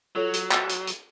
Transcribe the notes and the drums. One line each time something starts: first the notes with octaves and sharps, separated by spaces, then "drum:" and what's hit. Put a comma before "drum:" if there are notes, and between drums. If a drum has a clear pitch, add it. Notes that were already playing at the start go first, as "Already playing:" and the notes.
F#3 F4 A4 C#5
drum: hi-hat
drum: clap
drum: hi-hat
drum: hi-hat